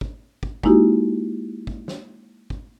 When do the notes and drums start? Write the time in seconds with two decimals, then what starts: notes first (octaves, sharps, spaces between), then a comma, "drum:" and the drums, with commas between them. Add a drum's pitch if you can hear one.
0.01 drum: kick
0.43 drum: kick
0.63 G#3 A#3 D#4 E4 F#4 G4, drum: kick
1.67 drum: kick
1.88 drum: snare
2.50 drum: kick